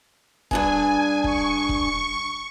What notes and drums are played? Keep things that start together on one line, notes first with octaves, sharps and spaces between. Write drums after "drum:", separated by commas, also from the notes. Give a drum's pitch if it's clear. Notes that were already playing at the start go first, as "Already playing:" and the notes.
G2 D4 G#4 G#5, drum: kick
C#6, drum: kick
drum: kick